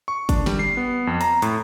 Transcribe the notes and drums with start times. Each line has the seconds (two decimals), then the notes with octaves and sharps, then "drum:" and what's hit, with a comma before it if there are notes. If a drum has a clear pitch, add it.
0.08 C#6
0.29 D4, drum: kick, hi-hat
0.46 G3, drum: snare
0.59 C7
0.77 B3
1.07 F2
1.21 A#5, drum: hi-hat
1.42 A2, drum: hi-hat